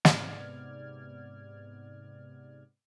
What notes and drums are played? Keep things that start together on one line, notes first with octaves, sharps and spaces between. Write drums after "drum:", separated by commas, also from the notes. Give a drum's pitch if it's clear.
G#2 C3 B3 D5 F6 G#6, drum: snare